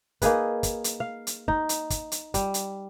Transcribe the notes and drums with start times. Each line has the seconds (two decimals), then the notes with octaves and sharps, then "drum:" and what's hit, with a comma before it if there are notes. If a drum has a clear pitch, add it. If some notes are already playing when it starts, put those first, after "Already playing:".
0.22 A#3 D#4 G#4 B4, drum: kick, hi-hat
0.63 drum: kick, hi-hat
0.84 drum: hi-hat
1.00 F5
1.27 drum: hi-hat
1.48 D#4, drum: kick
1.69 drum: hi-hat
1.90 drum: kick, hi-hat
2.12 drum: hi-hat
2.34 G3, drum: kick, hi-hat
2.54 drum: hi-hat